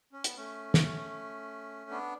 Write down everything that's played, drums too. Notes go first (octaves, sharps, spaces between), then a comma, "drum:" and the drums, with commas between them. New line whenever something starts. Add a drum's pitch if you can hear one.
C#4
B3, drum: hi-hat
A3 C#4
drum: snare
B3 D4